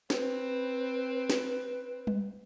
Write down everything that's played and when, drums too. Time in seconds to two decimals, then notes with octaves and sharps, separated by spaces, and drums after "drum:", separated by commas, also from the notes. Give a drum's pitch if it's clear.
0.10 C4 B4, drum: snare
1.30 drum: snare
2.07 drum: tom G3